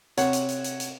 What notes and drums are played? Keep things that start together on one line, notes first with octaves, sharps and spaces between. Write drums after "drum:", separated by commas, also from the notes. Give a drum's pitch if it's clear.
C3 C#5 F#5, drum: hi-hat
drum: hi-hat
drum: hi-hat
drum: hi-hat
drum: hi-hat